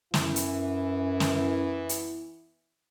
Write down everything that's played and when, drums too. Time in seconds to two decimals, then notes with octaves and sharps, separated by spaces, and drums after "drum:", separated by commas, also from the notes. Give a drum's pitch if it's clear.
0.14 F#2 E3 B3 E4, drum: snare
0.36 drum: hi-hat
1.20 drum: snare
1.89 drum: hi-hat